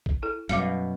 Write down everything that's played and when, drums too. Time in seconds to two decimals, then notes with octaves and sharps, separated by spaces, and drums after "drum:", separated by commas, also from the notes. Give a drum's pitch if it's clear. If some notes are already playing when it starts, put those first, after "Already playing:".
0.06 drum: kick B1
0.22 E4 A4
0.49 F#2 B2 G3 F5 D6, drum: hi-hat